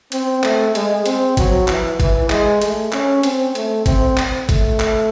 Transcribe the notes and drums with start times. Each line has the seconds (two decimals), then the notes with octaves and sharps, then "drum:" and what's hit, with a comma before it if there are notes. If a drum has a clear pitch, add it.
0.12 C4, drum: hi-hat
0.43 A3, drum: clap
0.75 G#3, drum: hi-hat
1.06 C4, drum: hi-hat
1.37 F#3, drum: kick G#1, hi-hat
1.68 E3, drum: clap
2.00 E3, drum: kick G#1, hi-hat
2.30 G#3, drum: clap
2.62 A3, drum: hi-hat
2.92 C#4, drum: clap
3.23 C4, drum: hi-hat
3.55 A3, drum: hi-hat
3.86 C4, drum: kick G#1, hi-hat
4.17 drum: clap
4.49 A3, drum: kick G#1, hi-hat
4.80 drum: clap